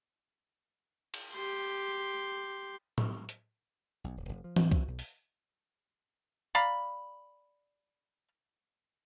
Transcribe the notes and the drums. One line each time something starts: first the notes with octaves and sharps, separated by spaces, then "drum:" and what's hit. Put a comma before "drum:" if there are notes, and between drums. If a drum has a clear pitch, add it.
drum: cymbal
G4 C6
drum: tom A2
drum: hi-hat
B1
D1
F1
F3
A2, drum: tom E3
C4, drum: kick C2
B1
drum: open hi-hat
D5 F5 A#5 B5